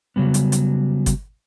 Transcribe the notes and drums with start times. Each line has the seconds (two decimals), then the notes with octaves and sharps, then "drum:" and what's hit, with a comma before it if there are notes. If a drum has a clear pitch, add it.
0.16 C#3 F#3 G3 B3
0.34 drum: hi-hat
0.52 drum: hi-hat
1.06 drum: kick G1, hi-hat